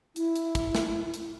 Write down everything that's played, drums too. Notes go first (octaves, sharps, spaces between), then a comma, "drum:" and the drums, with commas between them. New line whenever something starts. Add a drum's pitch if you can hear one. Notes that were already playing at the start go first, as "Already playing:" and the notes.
E4, drum: hi-hat
drum: hi-hat
drum: kick, hi-hat
drum: snare
drum: hi-hat